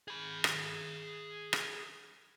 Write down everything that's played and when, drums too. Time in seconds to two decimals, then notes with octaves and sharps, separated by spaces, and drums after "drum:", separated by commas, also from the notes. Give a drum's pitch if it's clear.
0.08 G#4 B5
0.44 drum: rim click
1.53 drum: rim click